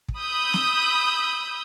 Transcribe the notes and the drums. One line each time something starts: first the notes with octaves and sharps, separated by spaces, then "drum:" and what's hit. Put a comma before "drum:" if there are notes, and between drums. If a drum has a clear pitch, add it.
drum: kick
B5 D#6 E6 G6
drum: snare